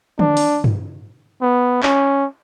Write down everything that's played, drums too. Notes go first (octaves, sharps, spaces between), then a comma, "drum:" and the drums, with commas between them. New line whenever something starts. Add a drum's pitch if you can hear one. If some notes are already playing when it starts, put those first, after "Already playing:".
D4, drum: tom D3
drum: open hi-hat
drum: tom G2
B3
C#4, drum: clap